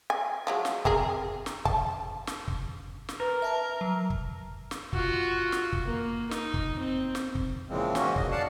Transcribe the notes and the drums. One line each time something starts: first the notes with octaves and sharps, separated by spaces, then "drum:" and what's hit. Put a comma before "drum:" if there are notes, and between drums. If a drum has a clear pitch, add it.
G#5
F3 F#3 G#3
drum: snare
C4 G#4 A#4, drum: kick
drum: snare
A5, drum: kick
drum: snare
drum: kick
drum: snare
A#4 B4
E5 A5 A#5
F#3
drum: kick
drum: snare
F4 F#4, drum: kick
drum: snare
drum: kick
A#3
D#4, drum: snare
drum: kick
C4
drum: snare
drum: kick
A#2 C#3 E3 F3 G#3 C4
G#2 A#3 C#4 F#4, drum: snare
D#5, drum: kick
D5 F5 F#5 A5